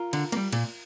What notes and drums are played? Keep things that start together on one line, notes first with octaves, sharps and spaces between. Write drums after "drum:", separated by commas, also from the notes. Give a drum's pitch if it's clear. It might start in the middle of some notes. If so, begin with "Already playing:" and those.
Already playing: F4 A#4
D3, drum: cymbal
A#3, drum: cymbal
G3
A#2, drum: cymbal